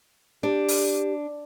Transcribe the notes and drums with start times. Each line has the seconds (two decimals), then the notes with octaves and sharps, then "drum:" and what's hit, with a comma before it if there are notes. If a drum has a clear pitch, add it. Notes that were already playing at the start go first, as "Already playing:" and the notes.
0.43 D4 G4
0.68 drum: open hi-hat